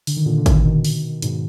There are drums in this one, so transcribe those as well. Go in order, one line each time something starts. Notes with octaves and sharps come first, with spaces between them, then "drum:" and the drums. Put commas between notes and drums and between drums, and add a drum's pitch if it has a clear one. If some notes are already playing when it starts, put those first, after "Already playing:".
D3, drum: open hi-hat
D#3
A#2 D3
D3
B2 D#3, drum: kick, hi-hat
B2 D#3
drum: open hi-hat
G#2 B2, drum: hi-hat